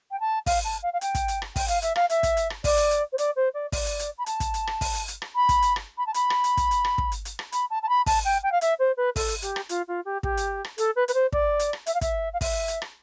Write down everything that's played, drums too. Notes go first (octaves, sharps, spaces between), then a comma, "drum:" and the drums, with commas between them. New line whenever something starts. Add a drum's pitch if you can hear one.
G5
A5
F5, drum: kick, open hi-hat
A5
F5
F5
G5, drum: hi-hat
drum: kick, hi-hat
drum: hi-hat
drum: rim click
G5, drum: kick, open hi-hat
F5, drum: hi-hat
E5, drum: hi-hat
F5, drum: rim click
E5, drum: hi-hat
drum: kick, hi-hat
drum: hi-hat
drum: rim click
D5, drum: kick, open hi-hat
drum: hi-hat
drum: hi-hat
C5
D5, drum: hi-hat
C5
D5
D5, drum: kick, open hi-hat
drum: hi-hat
drum: hi-hat
B5
A5, drum: hi-hat
drum: kick, hi-hat
drum: hi-hat
drum: rim click
drum: kick, open hi-hat
drum: hi-hat
drum: hi-hat
drum: rim click
B5
drum: kick, hi-hat
drum: hi-hat
drum: rim click
B5
A5
B5, drum: hi-hat
drum: rim click
drum: hi-hat
drum: kick, hi-hat
drum: hi-hat
drum: rim click
drum: kick
drum: hi-hat
drum: hi-hat
drum: rim click
B5, drum: hi-hat
A5
A5
B5
A5, drum: kick, open hi-hat
G5
G5
F5
E5, drum: hi-hat
C5
B4
A4, drum: kick, open hi-hat
drum: hi-hat
G4, drum: hi-hat
drum: rim click
F4, drum: hi-hat
F4
G4
G4, drum: kick
drum: hi-hat
drum: rim click
A4, drum: hi-hat
B4
B4, drum: hi-hat
C5
D5, drum: kick
drum: hi-hat
drum: rim click
E5, drum: hi-hat
F5
E5, drum: kick, hi-hat
F5
E5, drum: kick, open hi-hat
drum: hi-hat
drum: rim click